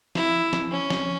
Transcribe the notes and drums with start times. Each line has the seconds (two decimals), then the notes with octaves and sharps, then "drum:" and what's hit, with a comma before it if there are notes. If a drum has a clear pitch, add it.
0.15 E4, drum: snare
0.53 drum: snare
0.72 C#4
0.90 drum: snare